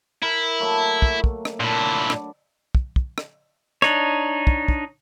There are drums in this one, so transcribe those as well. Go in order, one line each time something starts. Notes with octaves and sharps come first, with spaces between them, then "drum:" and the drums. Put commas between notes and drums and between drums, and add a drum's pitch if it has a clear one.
E4 A#4
F#3 A3 A#3
drum: kick
drum: kick
drum: rim click
A#2 D4 E4 B5
drum: rim click
drum: kick
drum: kick
drum: rim click
D4 D#4 C#5, drum: rim click
drum: kick
drum: kick